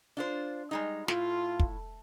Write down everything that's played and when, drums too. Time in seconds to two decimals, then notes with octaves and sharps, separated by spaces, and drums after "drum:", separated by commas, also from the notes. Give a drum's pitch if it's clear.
0.17 D4 F4 C5
0.71 G3 G#3 D#4
1.08 A2 F4, drum: snare
1.60 drum: kick